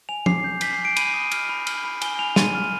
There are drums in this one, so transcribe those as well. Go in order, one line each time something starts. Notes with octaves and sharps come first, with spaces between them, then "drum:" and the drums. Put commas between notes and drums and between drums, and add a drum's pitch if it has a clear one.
G#5 F7
D6 C7, drum: tom
G6
G#5 B6, drum: cymbal
C7
G#5
D7
B5 D#7, drum: cymbal
D#6
F6, drum: cymbal
B5
F6, drum: cymbal
B5
G#5 G7, drum: cymbal
G#5 F7
C6 D#7, drum: snare
F6